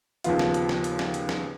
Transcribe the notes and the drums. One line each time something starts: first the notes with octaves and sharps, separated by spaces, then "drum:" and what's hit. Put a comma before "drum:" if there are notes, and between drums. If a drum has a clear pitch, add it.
D#2 C#3 F3 B3 F4, drum: hi-hat
drum: snare
drum: hi-hat
drum: snare
drum: hi-hat
drum: snare
drum: hi-hat
drum: snare